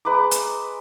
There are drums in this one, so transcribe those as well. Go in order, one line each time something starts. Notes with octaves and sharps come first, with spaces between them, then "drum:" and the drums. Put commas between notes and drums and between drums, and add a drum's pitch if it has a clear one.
G#3 B4 A#5 D6
drum: hi-hat